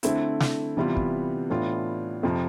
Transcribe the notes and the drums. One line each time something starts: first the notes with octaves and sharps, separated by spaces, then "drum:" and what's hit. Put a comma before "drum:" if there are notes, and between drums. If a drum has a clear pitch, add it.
D3 A3 C4 E4, drum: hi-hat
drum: snare
C3 E3 G3 B3 F4
drum: kick
A2 E3 B3 D4 F4
F2 C3 F3